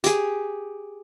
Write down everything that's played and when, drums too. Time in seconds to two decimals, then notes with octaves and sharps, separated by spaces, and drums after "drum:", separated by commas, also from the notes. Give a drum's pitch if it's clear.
0.04 G4 G#4, drum: hi-hat